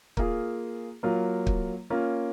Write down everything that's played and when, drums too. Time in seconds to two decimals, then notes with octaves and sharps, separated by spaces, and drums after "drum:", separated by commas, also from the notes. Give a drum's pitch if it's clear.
0.17 A#3 F4 G#4, drum: kick
1.03 F#3 A#3 F4
1.47 drum: kick
1.90 A#3 C#4 F4